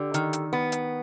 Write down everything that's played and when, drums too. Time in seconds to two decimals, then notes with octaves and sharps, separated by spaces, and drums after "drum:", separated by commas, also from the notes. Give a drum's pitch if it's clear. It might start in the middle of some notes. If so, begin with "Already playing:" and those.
Already playing: D3 G4
0.14 D#3, drum: hi-hat
0.33 drum: hi-hat
0.53 B3
0.72 drum: hi-hat